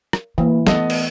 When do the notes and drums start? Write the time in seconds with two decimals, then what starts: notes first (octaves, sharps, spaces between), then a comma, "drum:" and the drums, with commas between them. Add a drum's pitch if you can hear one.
0.13 drum: rim click
0.38 E3 A#3
0.67 E3 A3 B3 A4 D#5, drum: snare
0.90 drum: cymbal